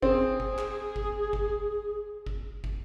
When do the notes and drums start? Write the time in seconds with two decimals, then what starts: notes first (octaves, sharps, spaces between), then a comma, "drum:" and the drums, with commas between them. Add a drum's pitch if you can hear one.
0.02 C4 G#4, drum: kick
0.40 drum: kick
0.58 drum: clap
0.96 drum: kick
1.33 drum: kick
2.26 drum: kick
2.64 drum: kick